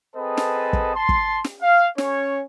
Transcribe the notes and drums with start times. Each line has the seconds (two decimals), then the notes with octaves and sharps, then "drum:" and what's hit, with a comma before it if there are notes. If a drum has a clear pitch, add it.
0.16 C4 G#4 A4 B4 D#5 A5
0.37 drum: snare
0.73 drum: kick
0.95 A5 C6
1.09 drum: kick
1.44 drum: snare
1.62 F5
1.98 C#4 C#5, drum: snare